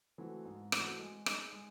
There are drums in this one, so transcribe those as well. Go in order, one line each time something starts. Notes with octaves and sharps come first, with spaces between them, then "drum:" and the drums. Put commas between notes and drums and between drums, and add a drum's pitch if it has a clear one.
E3 A3 C4 F#4
G#2
E3 A3 C4 F#4, drum: rim click
G#3
D#4 G#4 D#5, drum: rim click
G#3